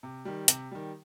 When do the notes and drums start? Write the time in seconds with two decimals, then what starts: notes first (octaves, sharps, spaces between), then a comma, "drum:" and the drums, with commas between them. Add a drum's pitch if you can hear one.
0.03 C3
0.25 D#3 G3
0.48 C3, drum: hi-hat
0.72 D#3 G3